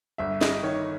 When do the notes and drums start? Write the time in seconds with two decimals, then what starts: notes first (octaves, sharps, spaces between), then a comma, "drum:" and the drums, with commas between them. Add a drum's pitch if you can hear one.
0.18 G1 E5
0.41 D#5, drum: snare
0.63 D#3 C#5